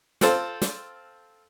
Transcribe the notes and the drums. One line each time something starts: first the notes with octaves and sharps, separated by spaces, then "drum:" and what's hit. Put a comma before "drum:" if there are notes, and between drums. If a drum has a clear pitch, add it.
C4 F4 A4 C5, drum: snare
drum: snare